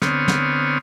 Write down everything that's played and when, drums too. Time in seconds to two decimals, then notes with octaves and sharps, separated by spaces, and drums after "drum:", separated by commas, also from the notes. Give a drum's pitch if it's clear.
0.02 D3 B3 C4 C#5 D#6 F6, drum: snare
0.28 drum: snare